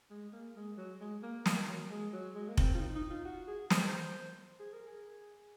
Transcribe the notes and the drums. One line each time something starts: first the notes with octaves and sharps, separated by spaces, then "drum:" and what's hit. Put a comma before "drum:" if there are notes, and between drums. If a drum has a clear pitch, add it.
G#3
A#3
G#3
F#3
G#3
A#3
A#3, drum: snare
F#3
G#3
F#3
G#3
A#3
C4, drum: kick F1
F4
D#4
D#4
F4
F#4
G#4
C5, drum: snare
G#4
A#4
G#4